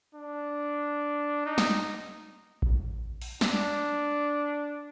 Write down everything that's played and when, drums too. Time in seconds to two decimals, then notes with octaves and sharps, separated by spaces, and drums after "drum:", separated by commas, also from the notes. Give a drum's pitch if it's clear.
0.14 D4
1.46 D#4
1.58 drum: snare
2.62 drum: kick A1
3.22 drum: open hi-hat
3.41 D4, drum: snare